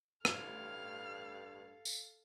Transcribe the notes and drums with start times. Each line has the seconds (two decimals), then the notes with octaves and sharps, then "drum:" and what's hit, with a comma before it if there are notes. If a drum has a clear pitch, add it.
0.25 A1 G2 A4 F5 F6, drum: rim click
1.85 drum: tambourine